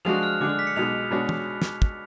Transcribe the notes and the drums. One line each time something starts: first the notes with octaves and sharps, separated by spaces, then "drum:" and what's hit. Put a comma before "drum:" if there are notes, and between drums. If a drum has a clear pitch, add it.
F3 G#3 D4 F#4 F7
F#6
F6
D3 G#3 D4 D6
F6
B6
C#7
B1 B2 G#3 F7
B2 G#3 D4 F#4 C#5
drum: tom
drum: snare
drum: kick